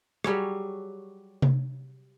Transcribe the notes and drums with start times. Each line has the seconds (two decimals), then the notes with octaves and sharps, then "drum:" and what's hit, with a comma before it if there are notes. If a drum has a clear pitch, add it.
0.24 F#3 G3 G#4 C#5, drum: rim click
1.42 drum: tom C3